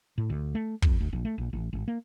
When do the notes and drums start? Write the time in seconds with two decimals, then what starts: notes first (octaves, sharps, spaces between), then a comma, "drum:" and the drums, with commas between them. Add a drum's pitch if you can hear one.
0.18 A2
0.30 D2
0.55 A3
0.82 F2, drum: kick
1.00 D2
1.13 A#1
1.25 A3
1.38 A#1
1.53 A1
1.73 G#1
1.88 A#3